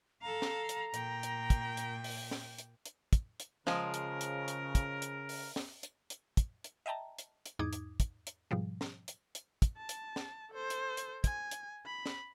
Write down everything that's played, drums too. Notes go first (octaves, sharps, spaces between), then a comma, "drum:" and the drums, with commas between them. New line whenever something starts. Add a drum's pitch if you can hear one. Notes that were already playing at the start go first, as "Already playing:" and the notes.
A4 F5 A#5
drum: snare
drum: hi-hat
A#2 G5, drum: hi-hat
drum: hi-hat
drum: kick, hi-hat
drum: hi-hat
drum: open hi-hat
drum: snare
drum: hi-hat
drum: hi-hat
drum: kick, hi-hat
drum: hi-hat
C#3 F3 G#3 G#4 A#4, drum: snare
drum: hi-hat
drum: hi-hat
drum: hi-hat
drum: kick, hi-hat
drum: hi-hat
drum: open hi-hat
drum: snare
drum: hi-hat
drum: hi-hat
drum: kick, hi-hat
drum: hi-hat
D#5 E5 G5 A5 A#5
drum: hi-hat
drum: hi-hat
E2 G#2 D#4 D6 D#6 G#6
drum: hi-hat
drum: kick, hi-hat
drum: hi-hat
G#2 B2 F3 G3
drum: snare
drum: hi-hat
drum: hi-hat
drum: kick, hi-hat
A5
drum: hi-hat
drum: snare
A4 C5
drum: hi-hat
drum: hi-hat
G#5, drum: kick, hi-hat
drum: hi-hat
B5
drum: snare